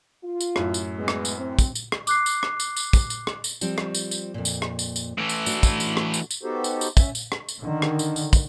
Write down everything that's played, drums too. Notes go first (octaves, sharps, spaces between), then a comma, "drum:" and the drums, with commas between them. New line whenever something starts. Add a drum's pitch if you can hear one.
F4
drum: tambourine
F#2 A2, drum: rim click
drum: tambourine
G#3 B3
drum: rim click
drum: tambourine
C4
drum: kick, tambourine
drum: tambourine
drum: rim click
D6 F#6 C7, drum: tambourine
drum: tambourine
drum: rim click
drum: tambourine
drum: tambourine
drum: kick, tambourine
drum: tambourine
drum: rim click
drum: tambourine
F3 G3 C4, drum: tambourine
drum: rim click
drum: tambourine
drum: tambourine
F2 A#2
drum: tambourine
drum: rim click
drum: tambourine
drum: tambourine
A2 E3
drum: tambourine
A3 D4 F#4, drum: tambourine
drum: kick, tambourine
drum: tambourine
drum: rim click
drum: tambourine
drum: tambourine
B3 D#4 F#4 G4 A4 C5
drum: tambourine
drum: tambourine
C#4 E5, drum: kick, tambourine
drum: tambourine
drum: rim click
drum: tambourine
D3 D#3
drum: rim click
drum: tambourine
drum: tambourine
drum: kick, tambourine